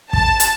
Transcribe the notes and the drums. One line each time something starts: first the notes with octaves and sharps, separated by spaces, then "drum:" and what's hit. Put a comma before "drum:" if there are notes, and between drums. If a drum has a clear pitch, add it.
A5, drum: kick
drum: hi-hat